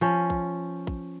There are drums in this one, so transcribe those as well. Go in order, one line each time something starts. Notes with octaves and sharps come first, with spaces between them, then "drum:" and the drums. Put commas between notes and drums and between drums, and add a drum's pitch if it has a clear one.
F3 C#4
drum: kick
drum: kick